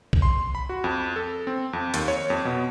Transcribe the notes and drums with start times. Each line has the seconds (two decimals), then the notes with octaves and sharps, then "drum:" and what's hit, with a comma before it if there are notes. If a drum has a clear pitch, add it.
0.13 drum: kick
0.22 C6
0.55 B5
0.69 F#4
0.84 F2
1.16 A4
1.47 C4
1.73 F2
1.94 D#2, drum: hi-hat
2.08 C#5
2.30 F2
2.45 B2